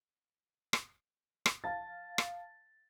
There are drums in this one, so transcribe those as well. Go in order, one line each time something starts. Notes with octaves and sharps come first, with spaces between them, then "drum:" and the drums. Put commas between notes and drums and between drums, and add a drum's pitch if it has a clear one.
drum: rim click
drum: rim click
F5 A5 A6
drum: rim click